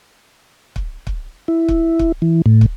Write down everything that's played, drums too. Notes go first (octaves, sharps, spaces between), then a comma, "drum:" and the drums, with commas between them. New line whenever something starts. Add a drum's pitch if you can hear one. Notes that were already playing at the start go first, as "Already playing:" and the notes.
drum: kick
drum: kick
E4
drum: kick
drum: kick
E3
A2
drum: kick